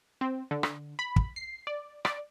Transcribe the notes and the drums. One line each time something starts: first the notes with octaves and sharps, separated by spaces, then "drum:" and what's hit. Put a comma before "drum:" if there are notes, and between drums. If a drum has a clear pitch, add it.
C4
D3
drum: rim click
B5
drum: kick
C7
D5
D5, drum: rim click